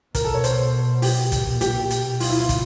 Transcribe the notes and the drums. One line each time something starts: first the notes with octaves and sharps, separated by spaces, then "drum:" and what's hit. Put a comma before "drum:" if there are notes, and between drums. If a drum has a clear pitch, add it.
B2 A#4, drum: kick, hi-hat
A4
C#5
C5, drum: hi-hat
G4, drum: open hi-hat
A#2, drum: kick, hi-hat
G4, drum: hi-hat
B2, drum: hi-hat
F4, drum: open hi-hat
E4
F4
drum: kick, hi-hat